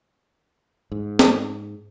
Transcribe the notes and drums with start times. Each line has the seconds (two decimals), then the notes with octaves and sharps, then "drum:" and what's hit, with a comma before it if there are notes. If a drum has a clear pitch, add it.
0.92 G#2
1.19 drum: snare